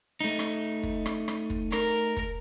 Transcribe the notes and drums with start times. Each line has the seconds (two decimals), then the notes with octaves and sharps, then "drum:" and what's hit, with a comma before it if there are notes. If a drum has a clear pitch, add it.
0.21 A3 D#4
0.39 drum: rim click
0.83 drum: kick
1.06 drum: rim click
1.28 drum: rim click
1.50 drum: kick
1.72 A#4, drum: rim click
2.17 drum: kick